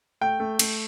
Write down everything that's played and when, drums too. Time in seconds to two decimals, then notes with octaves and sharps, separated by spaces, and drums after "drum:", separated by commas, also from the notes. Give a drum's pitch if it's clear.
0.21 A3 G5
0.40 A3
0.59 A3, drum: cymbal